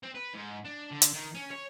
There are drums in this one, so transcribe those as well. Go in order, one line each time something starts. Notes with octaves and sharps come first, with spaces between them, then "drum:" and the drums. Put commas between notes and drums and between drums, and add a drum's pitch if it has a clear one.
C4
B4
G#2
D4
D3
drum: hi-hat
D#3
C#4
C#5